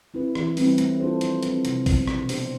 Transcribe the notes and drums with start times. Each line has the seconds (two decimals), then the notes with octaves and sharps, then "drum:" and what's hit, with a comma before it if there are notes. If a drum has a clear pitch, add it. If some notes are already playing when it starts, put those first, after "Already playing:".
0.14 C4 E4 B4
0.35 E3, drum: rim click
0.57 G3 C4 E4 B4, drum: open hi-hat
0.78 A3, drum: hi-hat
1.00 D4 F4 A4 C5
1.21 F3, drum: hi-hat
1.43 C4 E4 B4, drum: hi-hat
1.65 C3, drum: hi-hat
1.86 G3 B3, drum: kick, open hi-hat
2.07 B2, drum: rim click
2.29 B3 D4 G4 C5, drum: open hi-hat